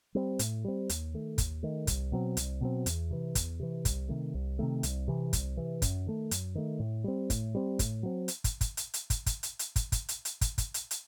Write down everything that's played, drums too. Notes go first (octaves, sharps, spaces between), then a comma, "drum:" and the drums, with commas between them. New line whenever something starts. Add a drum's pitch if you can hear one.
G3 C4
A2, drum: hi-hat
G3 C4
D#2, drum: hi-hat
D#3 A3
D#2, drum: kick, hi-hat
D#3 A3
C2, drum: kick, hi-hat
B2 F#3 C4
C2, drum: hi-hat
B2 F#3 C4
E2, drum: hi-hat
C3 E3
E2, drum: kick, hi-hat
C3 E3
C2, drum: kick, hi-hat
C3 D#3 A3
C2
C3 D#3 A3
C2, drum: hi-hat
C3 E3
C2, drum: kick, hi-hat
C3 E3
F#2, drum: kick, hi-hat
D#3 A3
F#2, drum: hi-hat
D#3 A3
A2
G3 C4
A2, drum: kick, hi-hat
G3 C4
A2, drum: kick, hi-hat
F#3 C4
drum: hi-hat
drum: kick, hi-hat
drum: kick, hi-hat
drum: hi-hat
drum: hi-hat
drum: kick, hi-hat
drum: kick, hi-hat
drum: hi-hat
drum: hi-hat
drum: kick, hi-hat
drum: kick, hi-hat
drum: hi-hat
drum: hi-hat
drum: kick, hi-hat
drum: kick, hi-hat
drum: hi-hat
drum: hi-hat